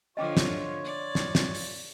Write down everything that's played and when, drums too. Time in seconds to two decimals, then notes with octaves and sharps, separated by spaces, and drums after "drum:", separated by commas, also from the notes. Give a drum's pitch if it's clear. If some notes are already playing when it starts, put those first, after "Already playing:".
0.17 D3 F3 F4 C#5 D#5 G5 D6
0.37 drum: snare
0.85 D5
1.15 drum: snare
1.35 drum: snare
1.55 drum: open hi-hat